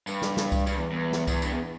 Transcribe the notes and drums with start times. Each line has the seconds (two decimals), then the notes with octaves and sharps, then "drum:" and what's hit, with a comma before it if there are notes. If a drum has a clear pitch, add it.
0.07 G2, drum: tambourine
0.22 drum: snare
0.37 drum: snare
0.52 drum: kick C2, tambourine
0.67 G2, drum: tambourine
0.76 E2
0.92 E2
1.12 drum: snare
1.27 E2, drum: kick C2, tambourine
1.42 G2, drum: tambourine
1.52 E2